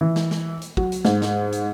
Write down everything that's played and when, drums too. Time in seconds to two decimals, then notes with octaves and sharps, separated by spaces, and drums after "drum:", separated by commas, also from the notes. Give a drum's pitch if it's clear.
0.01 E3
0.16 drum: snare
0.31 drum: snare
0.61 drum: hi-hat
0.77 F#3, drum: kick
0.92 drum: hi-hat
1.05 G#2, drum: snare
1.22 drum: snare
1.52 drum: hi-hat